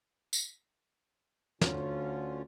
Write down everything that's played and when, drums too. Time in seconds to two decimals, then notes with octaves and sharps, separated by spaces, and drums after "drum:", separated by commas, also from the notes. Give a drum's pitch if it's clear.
0.33 drum: tambourine
1.61 D2 D3 C#4 F4, drum: snare